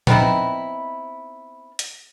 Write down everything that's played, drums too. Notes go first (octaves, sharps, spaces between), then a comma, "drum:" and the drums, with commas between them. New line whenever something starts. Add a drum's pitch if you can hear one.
B3 C4 D#4 E4, drum: tom A#2
drum: hi-hat